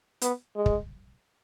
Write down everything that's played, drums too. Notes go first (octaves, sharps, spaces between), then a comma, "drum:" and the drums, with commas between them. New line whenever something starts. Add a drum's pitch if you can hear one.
B3, drum: hi-hat
G#3
drum: kick